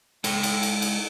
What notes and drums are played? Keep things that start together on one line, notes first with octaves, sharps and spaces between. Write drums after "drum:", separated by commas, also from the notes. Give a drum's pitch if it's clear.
G#3 A4 G5, drum: cymbal
drum: cymbal
drum: cymbal
drum: cymbal